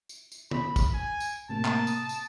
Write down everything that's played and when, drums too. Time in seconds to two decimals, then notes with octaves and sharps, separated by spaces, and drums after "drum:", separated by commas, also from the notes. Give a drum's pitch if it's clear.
0.09 drum: tambourine
0.32 drum: tambourine
0.51 B5, drum: tom
0.76 drum: kick, tambourine
0.94 G#5
1.20 drum: tambourine
1.49 A2 C3 A#3 A5
1.65 drum: clap
1.87 D#6, drum: tambourine
2.09 drum: tambourine